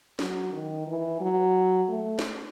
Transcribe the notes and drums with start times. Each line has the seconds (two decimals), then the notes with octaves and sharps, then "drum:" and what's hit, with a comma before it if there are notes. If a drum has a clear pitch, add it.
0.19 F#3, drum: snare
0.52 D#3
0.87 E3
1.21 F#3
1.89 A3
2.19 drum: snare